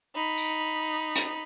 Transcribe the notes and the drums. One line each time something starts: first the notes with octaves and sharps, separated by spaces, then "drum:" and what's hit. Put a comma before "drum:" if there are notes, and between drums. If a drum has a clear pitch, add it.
D#4 B5
drum: tambourine
drum: hi-hat